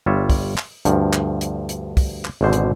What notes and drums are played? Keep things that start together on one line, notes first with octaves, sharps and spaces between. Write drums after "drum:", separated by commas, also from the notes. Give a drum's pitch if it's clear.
G1 G3 F4 C#5 E5
drum: kick, open hi-hat
drum: clap
D2 G2 F3, drum: hi-hat
drum: clap
drum: hi-hat
drum: hi-hat
drum: kick, open hi-hat
drum: clap
G#1 G#2 B2 D3 C5
drum: hi-hat